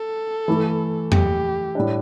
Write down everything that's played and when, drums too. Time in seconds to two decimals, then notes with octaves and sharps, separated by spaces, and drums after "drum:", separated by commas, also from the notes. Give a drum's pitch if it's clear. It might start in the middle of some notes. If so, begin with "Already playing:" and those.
Already playing: A4
0.48 E3 A3 E4
1.12 G4, drum: tom E2
1.75 A2 G3 D4